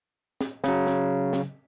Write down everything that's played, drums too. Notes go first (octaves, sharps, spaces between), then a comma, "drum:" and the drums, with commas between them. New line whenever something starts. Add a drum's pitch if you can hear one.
drum: snare
C#3 F#3, drum: snare
drum: snare
drum: snare